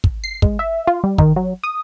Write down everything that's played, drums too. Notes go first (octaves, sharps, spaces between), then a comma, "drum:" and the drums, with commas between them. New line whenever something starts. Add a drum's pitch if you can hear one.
drum: kick
C7
G#3, drum: kick
E5
F4
G3
D#3, drum: kick
F#3
D#6